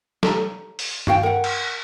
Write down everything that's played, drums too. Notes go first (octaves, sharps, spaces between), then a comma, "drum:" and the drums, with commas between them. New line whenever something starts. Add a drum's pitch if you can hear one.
A4 A#5, drum: snare
drum: open hi-hat
C#4 F#4 F5 G5, drum: tom G2
A#4 F#5
drum: cymbal